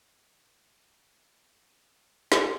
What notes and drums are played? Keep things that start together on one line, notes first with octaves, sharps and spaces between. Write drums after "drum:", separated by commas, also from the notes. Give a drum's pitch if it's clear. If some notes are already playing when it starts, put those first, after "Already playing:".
F#5 A#6
D4 A#4 A5 B5 C#6
E4 F#4 G#5 A#5 B6 D7
drum: snare